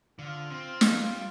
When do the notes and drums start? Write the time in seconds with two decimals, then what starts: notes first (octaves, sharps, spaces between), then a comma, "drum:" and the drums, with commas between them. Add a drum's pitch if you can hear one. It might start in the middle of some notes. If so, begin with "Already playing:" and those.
0.19 D3 F4 C5 F5
0.50 C4
0.81 F3, drum: snare
1.01 G3